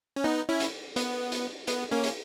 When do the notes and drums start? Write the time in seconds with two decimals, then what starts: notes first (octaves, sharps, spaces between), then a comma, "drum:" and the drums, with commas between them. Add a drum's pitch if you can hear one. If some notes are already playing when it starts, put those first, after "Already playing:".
0.16 C#4
0.24 B3 D#4
0.49 C#4 E4
0.60 drum: hi-hat
0.96 B3, drum: hi-hat
1.32 drum: hi-hat
1.67 B3, drum: hi-hat
1.91 A#3 C#4
2.04 drum: hi-hat